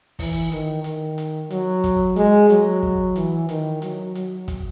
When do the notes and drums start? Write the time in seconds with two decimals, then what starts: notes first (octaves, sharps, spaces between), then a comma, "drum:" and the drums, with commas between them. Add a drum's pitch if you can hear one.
0.19 E3, drum: kick, open hi-hat
0.52 D#3, drum: hi-hat
0.84 D#3, drum: hi-hat
1.18 drum: hi-hat
1.51 F#3, drum: hi-hat
1.84 drum: kick, hi-hat
2.16 G#3, drum: hi-hat
2.50 F#3, drum: hi-hat
2.83 drum: kick
3.16 E3, drum: hi-hat
3.49 D#3, drum: hi-hat
3.82 F#3, drum: hi-hat
4.15 F#3, drum: hi-hat
4.48 drum: kick, hi-hat